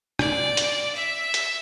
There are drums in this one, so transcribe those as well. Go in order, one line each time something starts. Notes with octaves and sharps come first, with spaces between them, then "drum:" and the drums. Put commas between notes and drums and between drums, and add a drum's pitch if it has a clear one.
D5, drum: rim click
drum: hi-hat
E5
drum: hi-hat